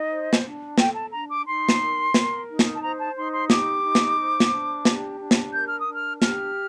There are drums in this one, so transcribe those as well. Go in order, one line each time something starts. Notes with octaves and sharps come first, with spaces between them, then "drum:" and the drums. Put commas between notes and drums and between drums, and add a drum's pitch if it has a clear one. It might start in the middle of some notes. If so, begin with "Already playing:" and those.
Already playing: D#4 D#5
C5
drum: snare
D4
A4 G5, drum: snare
A5
D4 A#5
D6
D#4 C6
drum: snare
A#4
A#4, drum: snare
D#4
drum: snare
A5
C5 A#5
A5
D#4 C6
C6
G4 D6, drum: snare
D#4
drum: snare
C5
drum: snare
D4
G4, drum: snare
D4
drum: snare
A#4 G6
F6
D#6
D4 F6
G4 F6, drum: snare